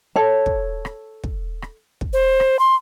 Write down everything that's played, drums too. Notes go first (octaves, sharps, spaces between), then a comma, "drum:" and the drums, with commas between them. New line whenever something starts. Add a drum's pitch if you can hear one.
A4 C#5 A5
drum: kick
drum: rim click
drum: kick
drum: rim click
drum: kick
C5
drum: rim click
C6